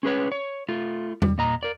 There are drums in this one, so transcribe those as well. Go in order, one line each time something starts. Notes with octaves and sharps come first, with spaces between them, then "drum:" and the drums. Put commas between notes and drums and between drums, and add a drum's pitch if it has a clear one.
C#4 G#4 B4 C#5
C#5
A3 F4
G3, drum: tom E2
A#2 D#5 A#5
A#4 D5